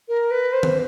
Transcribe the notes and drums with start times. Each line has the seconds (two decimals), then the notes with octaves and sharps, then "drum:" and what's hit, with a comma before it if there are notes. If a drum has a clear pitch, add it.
0.08 A#4
0.31 B4
0.53 C5
0.63 drum: tom D#3